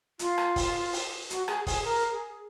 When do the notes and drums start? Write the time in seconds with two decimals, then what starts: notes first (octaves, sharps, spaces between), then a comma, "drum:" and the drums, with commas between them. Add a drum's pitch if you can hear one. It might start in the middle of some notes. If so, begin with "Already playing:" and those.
0.19 F4, drum: hi-hat
0.38 drum: rim click
0.56 drum: kick, open hi-hat
0.93 drum: open hi-hat
1.30 F#4, drum: hi-hat
1.48 G#4, drum: rim click
1.67 G#4, drum: kick, open hi-hat
1.84 A#4
2.12 G#4